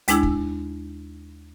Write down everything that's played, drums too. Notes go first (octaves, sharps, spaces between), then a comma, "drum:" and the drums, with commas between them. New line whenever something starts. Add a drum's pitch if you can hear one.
D#2 G#3 D4 E4 G#4 E6, drum: hi-hat
drum: kick